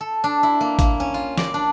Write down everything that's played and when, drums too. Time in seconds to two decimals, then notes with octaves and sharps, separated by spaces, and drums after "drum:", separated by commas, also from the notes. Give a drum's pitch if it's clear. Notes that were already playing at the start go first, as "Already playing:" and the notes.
0.01 A4
0.24 D4
0.43 E4
0.61 A#3
0.79 A#3, drum: kick A1, hi-hat
1.00 C#4
1.14 F4
1.38 D5, drum: snare
1.54 D4